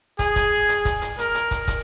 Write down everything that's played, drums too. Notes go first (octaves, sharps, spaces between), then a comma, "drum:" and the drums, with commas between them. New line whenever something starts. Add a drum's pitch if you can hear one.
G#4, drum: kick, hi-hat
drum: kick, hi-hat
drum: hi-hat
drum: kick, hi-hat
drum: hi-hat
A#4, drum: hi-hat
drum: hi-hat
drum: kick, hi-hat
drum: kick, hi-hat